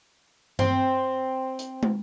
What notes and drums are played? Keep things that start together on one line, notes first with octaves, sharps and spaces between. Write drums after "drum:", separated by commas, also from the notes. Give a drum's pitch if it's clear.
C4, drum: tom G2
drum: hi-hat
drum: tom